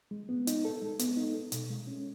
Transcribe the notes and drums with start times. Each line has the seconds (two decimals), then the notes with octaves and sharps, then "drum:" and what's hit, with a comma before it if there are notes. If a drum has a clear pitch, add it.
0.11 G#3
0.29 B3
0.47 D#4, drum: hi-hat
0.65 A4
0.82 G#3
0.99 B3, drum: hi-hat
1.17 D#4
1.35 A4
1.52 B2, drum: hi-hat
1.70 G#3
1.87 C#4